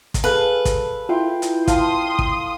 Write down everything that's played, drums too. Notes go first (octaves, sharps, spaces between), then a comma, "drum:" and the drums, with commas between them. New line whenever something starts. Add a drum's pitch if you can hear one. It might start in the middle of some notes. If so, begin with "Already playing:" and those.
drum: kick, hi-hat
G#4 A4 B4 F5
drum: kick, hi-hat
E4 F4 G5 C6
drum: hi-hat
F5 G5 A5 C6 D#6, drum: kick, hi-hat
drum: kick